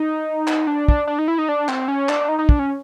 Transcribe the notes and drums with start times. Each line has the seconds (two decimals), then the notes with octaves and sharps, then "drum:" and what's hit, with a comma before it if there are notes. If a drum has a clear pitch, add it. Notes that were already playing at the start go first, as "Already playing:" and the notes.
Already playing: D#4
0.47 drum: clap
0.67 D4
0.88 D4, drum: kick
1.07 D4
1.19 D#4
1.28 E4
1.38 D#4
1.49 D4
1.69 C4, drum: clap
1.88 C#4
2.09 D4, drum: clap
2.28 D#4
2.39 D#4
2.49 D4, drum: kick
2.59 C#4